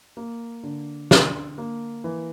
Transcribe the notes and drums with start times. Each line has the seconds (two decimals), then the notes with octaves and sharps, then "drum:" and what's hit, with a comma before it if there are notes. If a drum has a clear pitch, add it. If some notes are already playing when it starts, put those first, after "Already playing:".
0.17 A#3
0.63 D3
1.11 D3, drum: snare
1.58 A#3
2.04 E3